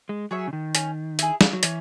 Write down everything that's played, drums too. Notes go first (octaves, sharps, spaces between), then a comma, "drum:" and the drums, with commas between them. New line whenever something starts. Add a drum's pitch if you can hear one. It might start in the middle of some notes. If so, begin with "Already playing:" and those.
G#3
F#3 G#4 C#5 E5
C#3
D#3
C#4, drum: hi-hat
E4 G#4, drum: hi-hat
drum: snare
F#3
E3 C#4, drum: hi-hat